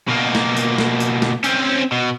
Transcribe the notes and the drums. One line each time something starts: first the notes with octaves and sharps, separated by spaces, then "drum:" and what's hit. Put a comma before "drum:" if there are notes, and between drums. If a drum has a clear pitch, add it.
B2 A#3
drum: snare
drum: tambourine
drum: snare
drum: tambourine
drum: snare
C4 C#4, drum: tambourine
B2